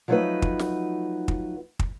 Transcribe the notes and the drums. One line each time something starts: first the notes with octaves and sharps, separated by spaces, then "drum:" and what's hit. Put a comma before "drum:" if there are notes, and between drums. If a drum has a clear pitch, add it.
F3 F#3 A3 D#4 F#4 B4
drum: kick
drum: snare
drum: kick
drum: kick